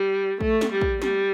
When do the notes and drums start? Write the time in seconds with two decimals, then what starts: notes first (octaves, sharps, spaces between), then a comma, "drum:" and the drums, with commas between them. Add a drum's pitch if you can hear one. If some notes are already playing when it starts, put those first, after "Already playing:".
Already playing: G3
0.41 A3, drum: kick
0.61 drum: snare
0.72 G3
0.81 drum: kick
1.02 G3, drum: snare